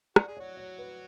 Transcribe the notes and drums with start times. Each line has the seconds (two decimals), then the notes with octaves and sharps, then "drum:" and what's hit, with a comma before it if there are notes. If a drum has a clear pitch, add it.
0.16 F#4 D5, drum: rim click
0.28 G#4
0.37 F#3 F#4 C#5
0.57 C#5
0.78 B4